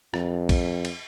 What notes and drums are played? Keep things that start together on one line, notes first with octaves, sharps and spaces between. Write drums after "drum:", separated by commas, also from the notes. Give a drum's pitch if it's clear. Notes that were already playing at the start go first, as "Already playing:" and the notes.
F2, drum: rim click
drum: kick, cymbal
drum: cymbal